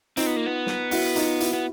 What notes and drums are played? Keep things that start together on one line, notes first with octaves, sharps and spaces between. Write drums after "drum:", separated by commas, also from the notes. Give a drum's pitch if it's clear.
C4 D#4 F4, drum: hi-hat
B3
A#3
B3
drum: snare
E4 F#4, drum: open hi-hat
D#4 F4, drum: hi-hat
E4 F#4, drum: hi-hat
B3